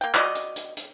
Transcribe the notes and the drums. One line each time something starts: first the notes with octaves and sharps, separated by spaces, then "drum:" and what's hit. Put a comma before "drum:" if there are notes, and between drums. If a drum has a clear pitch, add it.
A#3 G5
F#4 D5 D#5, drum: clap
drum: hi-hat
drum: hi-hat
drum: hi-hat